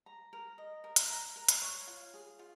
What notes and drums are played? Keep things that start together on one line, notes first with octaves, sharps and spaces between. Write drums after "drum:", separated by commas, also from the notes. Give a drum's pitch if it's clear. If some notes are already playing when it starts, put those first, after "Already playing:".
A#5
A#4
D#5
A#4
drum: hi-hat
A#5
A#4
drum: hi-hat
C#5
F4
G#4
F4